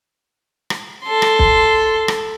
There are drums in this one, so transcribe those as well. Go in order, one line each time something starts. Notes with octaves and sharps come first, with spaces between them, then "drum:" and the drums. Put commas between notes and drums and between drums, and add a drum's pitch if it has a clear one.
drum: rim click
A4 C6
drum: rim click
drum: kick
drum: rim click